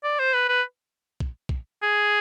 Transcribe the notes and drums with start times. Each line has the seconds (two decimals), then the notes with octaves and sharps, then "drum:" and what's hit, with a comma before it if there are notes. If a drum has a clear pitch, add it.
0.04 D5
0.19 C5
0.34 B4
0.49 B4
1.20 drum: kick
1.49 drum: kick
1.82 G#4